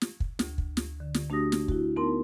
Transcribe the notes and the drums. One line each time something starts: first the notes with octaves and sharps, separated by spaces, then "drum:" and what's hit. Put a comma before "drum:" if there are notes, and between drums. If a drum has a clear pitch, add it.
drum: snare
drum: kick
D2, drum: snare
drum: kick
drum: snare
D3
drum: snare
A3 D4 F#4 G4 D#6 A#6
drum: snare
E4 F#4, drum: kick
B3 D#4 A#4 A5 C6